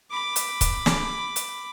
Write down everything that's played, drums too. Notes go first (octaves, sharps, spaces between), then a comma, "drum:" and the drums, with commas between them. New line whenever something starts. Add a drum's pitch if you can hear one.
B5 D6
drum: hi-hat
drum: kick, hi-hat
drum: snare
drum: hi-hat